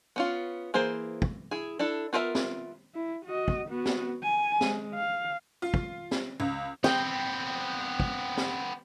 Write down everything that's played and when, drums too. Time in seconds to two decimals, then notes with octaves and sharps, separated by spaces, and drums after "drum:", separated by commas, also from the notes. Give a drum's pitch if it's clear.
0.16 B3 C#4 F4
0.74 E3 A#3 G#4 C5
1.22 drum: kick
1.51 E4 G#4
1.79 D4 E4 A4
2.13 B3 F4 A#4 B4 E5
2.35 drum: snare
2.95 E4
3.25 F#4 D#5
3.48 drum: kick
3.69 B3 F#4
3.85 drum: snare
4.23 G#5
4.61 G#3, drum: snare
4.94 F5
5.62 F4
5.74 drum: kick
6.11 drum: snare
6.40 C#2
6.84 B3 C4 G5, drum: snare
8.00 drum: kick
8.37 drum: snare